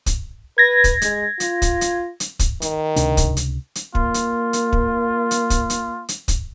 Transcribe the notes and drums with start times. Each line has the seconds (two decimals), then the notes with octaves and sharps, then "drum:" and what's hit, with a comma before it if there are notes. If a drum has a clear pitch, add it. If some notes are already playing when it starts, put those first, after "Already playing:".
0.06 drum: kick, hi-hat
0.58 B4 G#6 A#6
0.84 drum: kick, hi-hat
1.02 G#3, drum: hi-hat
1.40 F4, drum: hi-hat
1.62 drum: kick, hi-hat
1.81 drum: hi-hat
2.20 drum: hi-hat
2.39 drum: kick, hi-hat
2.62 D#3, drum: hi-hat
2.96 C#2 C3 D4, drum: hi-hat
3.17 drum: kick, hi-hat
3.37 drum: hi-hat
3.75 drum: hi-hat
3.95 A#3 F4, drum: kick
4.14 drum: hi-hat
4.53 drum: hi-hat
4.73 drum: kick
5.31 drum: hi-hat
5.50 drum: kick, hi-hat
5.70 drum: hi-hat
6.09 drum: hi-hat
6.28 drum: kick, hi-hat